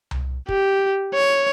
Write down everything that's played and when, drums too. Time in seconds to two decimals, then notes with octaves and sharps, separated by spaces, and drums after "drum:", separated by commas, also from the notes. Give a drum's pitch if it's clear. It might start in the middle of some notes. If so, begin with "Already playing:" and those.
0.11 drum: tom C2
0.49 G4, drum: kick
1.14 C#5